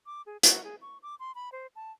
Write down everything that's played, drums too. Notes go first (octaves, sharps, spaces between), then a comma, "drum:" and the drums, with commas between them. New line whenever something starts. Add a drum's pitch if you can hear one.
D6
G#4
F#4, drum: hi-hat
G#4
C#6
D6
C6
B5
C5
A5